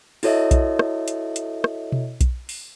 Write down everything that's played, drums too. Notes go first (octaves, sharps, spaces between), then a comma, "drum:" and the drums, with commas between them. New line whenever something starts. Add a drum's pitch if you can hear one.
E4 F#4 A4 C#5 D#5 E5, drum: open hi-hat
drum: kick B1, hi-hat
drum: rim click
drum: hi-hat
drum: hi-hat
drum: rim click
drum: tom B2
drum: kick B1, hi-hat
drum: open hi-hat